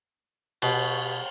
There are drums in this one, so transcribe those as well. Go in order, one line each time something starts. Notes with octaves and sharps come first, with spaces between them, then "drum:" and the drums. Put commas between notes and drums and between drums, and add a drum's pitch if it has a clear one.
B2, drum: cymbal